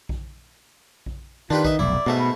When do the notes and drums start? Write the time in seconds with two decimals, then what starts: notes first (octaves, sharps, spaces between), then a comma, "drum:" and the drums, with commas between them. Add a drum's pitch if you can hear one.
0.09 drum: kick A#1
1.06 drum: kick A#1
1.50 D#3 D4 F4 G4 B4
1.65 B4 D#5 E5, drum: kick A#1
1.79 F1 B1 E4 D5
2.06 G#2 B2 A3 E5
2.19 B4